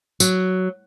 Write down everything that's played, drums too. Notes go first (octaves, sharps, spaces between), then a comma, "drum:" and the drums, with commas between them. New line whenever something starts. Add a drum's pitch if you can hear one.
F#3, drum: tambourine